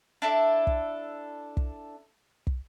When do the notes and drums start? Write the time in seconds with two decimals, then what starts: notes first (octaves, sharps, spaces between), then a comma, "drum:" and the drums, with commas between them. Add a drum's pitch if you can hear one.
0.22 D4 E4 A4
0.67 drum: kick
1.57 drum: kick
2.47 drum: kick